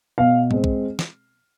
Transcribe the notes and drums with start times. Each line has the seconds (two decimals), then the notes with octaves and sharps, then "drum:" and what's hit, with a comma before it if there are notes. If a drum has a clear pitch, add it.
0.18 B2 F5
0.51 G#3 C4, drum: tom G#2
0.64 drum: kick B1
0.99 drum: snare